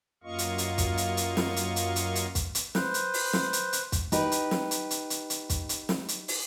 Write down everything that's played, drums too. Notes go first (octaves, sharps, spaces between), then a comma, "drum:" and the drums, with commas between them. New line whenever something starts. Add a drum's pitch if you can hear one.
F#2 A#3 F4 D#5 F5 C#6
drum: hi-hat
drum: hi-hat
drum: kick, hi-hat
drum: hi-hat
drum: hi-hat
drum: snare
drum: hi-hat
drum: hi-hat
drum: hi-hat
drum: hi-hat
drum: kick, hi-hat
drum: hi-hat
B4 C5, drum: snare
drum: hi-hat
drum: open hi-hat
drum: snare
drum: hi-hat
drum: hi-hat
drum: kick, hi-hat
D#4 G4 B4, drum: hi-hat
drum: hi-hat
drum: snare
drum: hi-hat
drum: hi-hat
drum: hi-hat
drum: hi-hat
drum: kick, hi-hat
drum: hi-hat
drum: snare
drum: hi-hat
drum: open hi-hat